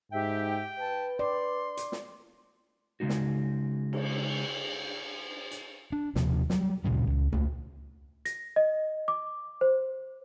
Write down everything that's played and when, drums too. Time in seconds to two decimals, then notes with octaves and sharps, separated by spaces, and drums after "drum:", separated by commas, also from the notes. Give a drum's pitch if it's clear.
0.12 G#2 G4 E5 G5
0.79 B4 A5
1.19 D5 C6
1.77 drum: hi-hat
1.92 drum: snare
3.00 C#3 G#3 D#4 F#4
3.09 drum: snare
3.93 drum: cymbal
5.51 drum: hi-hat
5.92 D4
6.15 D#2 C3 F3, drum: snare
6.50 F#3 G3, drum: snare
6.84 D2 A#2 C#3 G3
7.07 C#2
7.32 C#2 A3, drum: tom A#2
8.25 A#6, drum: hi-hat
8.56 D#5
9.08 D6
9.61 C5